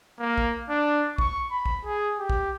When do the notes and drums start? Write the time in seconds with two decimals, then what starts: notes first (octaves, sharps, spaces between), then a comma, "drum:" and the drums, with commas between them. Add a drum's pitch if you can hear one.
0.20 A#3
0.38 drum: kick
0.70 D4
1.18 C#6, drum: kick
1.51 B5
1.66 drum: kick
1.85 G#4
2.19 G4
2.30 drum: kick